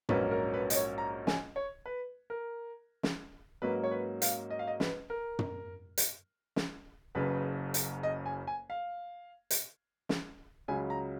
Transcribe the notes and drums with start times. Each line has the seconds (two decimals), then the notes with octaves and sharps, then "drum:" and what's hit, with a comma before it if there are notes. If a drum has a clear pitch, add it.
0.09 A#1 G#2 F#3 A#3 C#4 B4, drum: tom
0.31 A#4
0.54 B4
0.70 D#5, drum: hi-hat
0.75 C#5
0.98 A#5
1.27 G#5, drum: snare
1.56 C#5
1.86 B4
2.30 A#4
3.03 drum: snare
3.62 G#2 F#3 A#3 C#4 B4
3.84 C#5
3.91 B4
4.22 F5, drum: hi-hat
4.50 D#5
4.59 F5
4.67 D#5
4.80 B4, drum: snare
5.10 A#4
5.39 drum: tom
5.98 drum: hi-hat
6.56 drum: snare
7.15 F#1 F#2 C#3 B4
7.74 drum: hi-hat
8.03 D#5
8.26 G#5
8.47 G#5
8.70 F5
9.50 drum: hi-hat
10.09 drum: snare
10.68 C#2 C#3 F#3 G#5
10.90 A#5